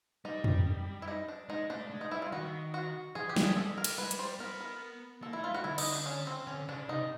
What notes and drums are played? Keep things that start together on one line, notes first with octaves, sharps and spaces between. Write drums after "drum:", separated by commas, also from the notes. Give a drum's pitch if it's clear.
G3 D#4
drum: tom F2
E4
D#4
D4
G#3 D#4
A3 D4
G#3
D#4
G3 E4
F4
D#3 F#4
F#4
E3 G#4
G4
G3, drum: snare
G#4
G3 A4
G#3
A#4
G3, drum: cymbal
G#3 B4
G3, drum: hi-hat
C5
B3 A#4
A#4
A#3 A4
A3 E4
F4
G3 F#4
D3 E4
D#4, drum: cymbal
D4
C#4
C4
D3 C#4
C#3 D4
C3 D#4